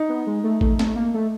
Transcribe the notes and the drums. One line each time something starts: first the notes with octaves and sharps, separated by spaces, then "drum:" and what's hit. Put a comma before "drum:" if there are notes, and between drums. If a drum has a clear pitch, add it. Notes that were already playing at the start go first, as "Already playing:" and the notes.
Already playing: D#4
B3
G#3
A3
A3, drum: kick A1
A3, drum: snare C4
A#3
A3